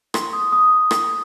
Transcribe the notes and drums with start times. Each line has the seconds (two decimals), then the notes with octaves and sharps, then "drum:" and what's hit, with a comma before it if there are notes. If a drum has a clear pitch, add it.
0.14 C6, drum: rim click
0.33 D#6
0.52 D#6
0.91 drum: rim click